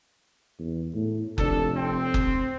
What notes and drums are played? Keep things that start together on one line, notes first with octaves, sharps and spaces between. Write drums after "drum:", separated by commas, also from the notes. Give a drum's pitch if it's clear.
E2
A2
F1 D4 A4, drum: kick F#1
C4
drum: kick F#1